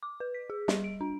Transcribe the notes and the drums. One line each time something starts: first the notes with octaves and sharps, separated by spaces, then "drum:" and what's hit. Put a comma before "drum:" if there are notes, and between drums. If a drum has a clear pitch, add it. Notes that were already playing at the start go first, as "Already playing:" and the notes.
D6
B4
B6
G#4
G3, drum: snare
D7
D4